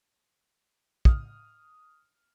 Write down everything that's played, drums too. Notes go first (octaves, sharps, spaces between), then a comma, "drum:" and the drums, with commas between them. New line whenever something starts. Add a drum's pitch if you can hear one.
D#6 F6, drum: kick